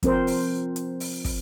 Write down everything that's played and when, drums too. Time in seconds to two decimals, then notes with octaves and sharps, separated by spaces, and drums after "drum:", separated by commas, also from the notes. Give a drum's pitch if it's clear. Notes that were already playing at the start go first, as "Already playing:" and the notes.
0.03 F3 C4 A#4 C5, drum: kick, hi-hat
0.27 drum: open hi-hat
0.76 drum: hi-hat
1.00 drum: open hi-hat
1.25 drum: kick, open hi-hat